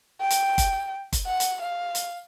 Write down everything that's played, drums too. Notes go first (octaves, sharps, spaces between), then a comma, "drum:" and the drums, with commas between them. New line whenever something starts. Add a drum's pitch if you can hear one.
G5
drum: hi-hat
drum: kick, hi-hat
drum: kick, hi-hat
F#5
drum: hi-hat
F5
drum: hi-hat